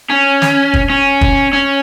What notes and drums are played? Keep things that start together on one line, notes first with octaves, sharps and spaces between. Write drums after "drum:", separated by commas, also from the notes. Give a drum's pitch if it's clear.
C#4
drum: snare
drum: kick
C#4
drum: kick
C#4